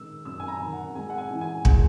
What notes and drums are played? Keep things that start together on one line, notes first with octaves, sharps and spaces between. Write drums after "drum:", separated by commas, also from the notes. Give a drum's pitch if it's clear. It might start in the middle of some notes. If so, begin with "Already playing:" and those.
Already playing: D#3 G#3 E6
F#2 E6
G#5
A#5
D#3
F#5
G#3 G#5
F#5
G#5
E3
G#5
G#3 G#5, drum: kick